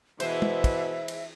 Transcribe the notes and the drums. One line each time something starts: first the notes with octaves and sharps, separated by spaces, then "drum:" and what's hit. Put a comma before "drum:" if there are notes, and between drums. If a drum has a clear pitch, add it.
B2 E3 G#3 C5 E5, drum: cymbal
drum: tom
drum: kick, cymbal
drum: cymbal